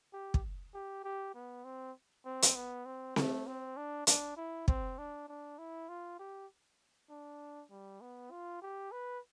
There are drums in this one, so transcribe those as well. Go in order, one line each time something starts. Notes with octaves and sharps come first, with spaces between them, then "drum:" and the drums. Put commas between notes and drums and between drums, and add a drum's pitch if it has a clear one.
G4
drum: kick
G4
G4
B3
C4
C4
drum: hi-hat
B3
C4
A3, drum: snare C4
C4
D4
D4, drum: hi-hat
E4
C4, drum: kick
D4
D4
E4
F4
G4
D4
G3
B3
F4
G4
B4